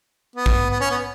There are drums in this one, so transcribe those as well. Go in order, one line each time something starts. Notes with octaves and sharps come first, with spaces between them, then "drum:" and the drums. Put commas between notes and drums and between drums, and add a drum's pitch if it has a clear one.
B3
drum: kick A#1
B3
C#4
B3